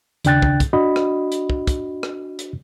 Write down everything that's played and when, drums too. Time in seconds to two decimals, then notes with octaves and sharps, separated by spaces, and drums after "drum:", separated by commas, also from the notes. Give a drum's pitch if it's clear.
0.25 D#2 C#3 D4 G5 F#6 A6, drum: hi-hat
0.42 drum: kick
0.60 drum: kick, hi-hat
0.73 D4 F#4 D#5 B5
0.96 drum: rim click
1.32 drum: hi-hat
1.50 drum: kick
1.67 drum: kick, hi-hat
2.03 drum: rim click
2.39 drum: hi-hat